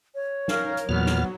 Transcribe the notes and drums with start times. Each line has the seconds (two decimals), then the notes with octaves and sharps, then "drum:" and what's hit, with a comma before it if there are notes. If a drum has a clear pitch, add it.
0.15 C#5
0.48 C#4 D#4 A#4 F5, drum: snare
0.77 drum: hi-hat
0.89 E2 A#2 F#3 B3 F6
1.06 drum: snare